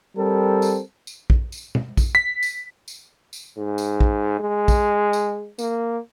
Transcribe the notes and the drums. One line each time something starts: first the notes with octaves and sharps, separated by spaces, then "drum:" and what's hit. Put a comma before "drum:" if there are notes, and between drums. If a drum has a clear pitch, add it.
G3 C4 A4 A#4
drum: tambourine
drum: tambourine
drum: kick A#1
drum: tambourine
drum: tom
drum: kick A#1, tambourine
B6
drum: tambourine
drum: tambourine
drum: tambourine
G#2
drum: tambourine
drum: kick A#1
G#3
drum: kick A#1, tambourine
drum: tambourine
A#3, drum: tambourine